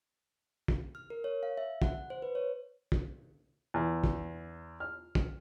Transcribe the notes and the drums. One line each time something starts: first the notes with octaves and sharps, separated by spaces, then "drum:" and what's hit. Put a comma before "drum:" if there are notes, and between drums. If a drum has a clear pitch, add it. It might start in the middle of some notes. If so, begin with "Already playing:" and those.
drum: kick
F6
A#4
C#5
F5
E5
F#5, drum: kick
C5
B4
C#5
drum: kick
E2
drum: kick
F6
drum: kick